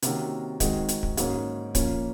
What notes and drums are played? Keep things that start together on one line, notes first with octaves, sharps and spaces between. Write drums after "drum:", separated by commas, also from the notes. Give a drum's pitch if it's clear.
C3 D#3 A#3 C#4 F#4, drum: hi-hat
D#3 G#3 C4 D#4 F#4, drum: kick, hi-hat
drum: hi-hat
drum: kick
G#2 F#3 A#3 C#4, drum: hi-hat
A#2 F3 A#3 C#4, drum: kick, hi-hat